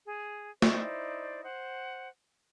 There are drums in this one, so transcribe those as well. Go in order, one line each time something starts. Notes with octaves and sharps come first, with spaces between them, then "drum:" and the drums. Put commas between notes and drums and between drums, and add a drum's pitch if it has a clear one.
G#4
D#4 E4 C5 D5, drum: snare
C5 F#5